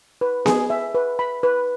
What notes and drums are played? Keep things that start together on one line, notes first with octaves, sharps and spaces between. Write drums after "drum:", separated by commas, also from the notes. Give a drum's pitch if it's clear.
B4
G#4, drum: snare B3
E5
B4
B5
B4